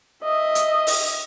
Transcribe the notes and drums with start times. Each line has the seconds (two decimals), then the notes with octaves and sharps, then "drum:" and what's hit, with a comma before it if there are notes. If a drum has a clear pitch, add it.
0.24 D#5 E5
0.55 drum: hi-hat
0.87 drum: open hi-hat